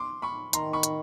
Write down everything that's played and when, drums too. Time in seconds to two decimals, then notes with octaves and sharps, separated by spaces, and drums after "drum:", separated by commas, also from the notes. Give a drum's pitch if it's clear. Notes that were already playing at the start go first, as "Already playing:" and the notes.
Already playing: C6 D6
0.22 B5 C#6
0.53 D#3 A#5 C6, drum: hi-hat
0.73 B5 C#6
0.83 drum: hi-hat